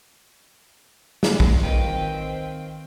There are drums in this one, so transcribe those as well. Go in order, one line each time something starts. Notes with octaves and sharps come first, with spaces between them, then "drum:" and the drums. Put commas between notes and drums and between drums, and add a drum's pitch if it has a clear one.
drum: snare
drum: kick
D#3 C4 F4 B4 D#5 G5